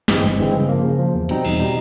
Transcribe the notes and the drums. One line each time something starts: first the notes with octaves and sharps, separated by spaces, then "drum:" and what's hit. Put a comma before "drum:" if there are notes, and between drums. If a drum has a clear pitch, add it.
G2 E3 G#3 C4, drum: snare
G1
G2 E3 G#3 C4
C#3
F3 A#3
C#3
F3 A#3
E2
B2 G3 C4 D#4, drum: hi-hat
E2, drum: cymbal
B2 G3 C4 D#4